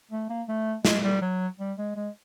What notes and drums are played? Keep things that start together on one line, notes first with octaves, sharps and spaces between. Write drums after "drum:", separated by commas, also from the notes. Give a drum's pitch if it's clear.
A3
A#3
A3
G#3, drum: snare
G3
F#3
G3
G#3
G#3